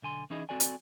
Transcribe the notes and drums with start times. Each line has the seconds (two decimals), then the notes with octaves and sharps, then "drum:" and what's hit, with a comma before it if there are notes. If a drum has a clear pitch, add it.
0.02 B1 D3 G#5 C6
0.30 E3 C#4 D#4 E4 G#4 D#5
0.49 C4 F#4 A4 D5 G#5
0.60 drum: hi-hat